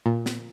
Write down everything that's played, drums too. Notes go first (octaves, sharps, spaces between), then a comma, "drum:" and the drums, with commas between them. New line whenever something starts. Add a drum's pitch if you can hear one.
A#2
drum: snare